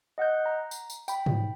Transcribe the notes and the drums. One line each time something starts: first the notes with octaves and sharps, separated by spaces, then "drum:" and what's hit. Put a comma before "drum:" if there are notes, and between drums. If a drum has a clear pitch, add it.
D#5 F#5 F#6 G6
A#5
drum: tambourine
drum: tambourine
G5 B5, drum: tambourine
drum: tom G#2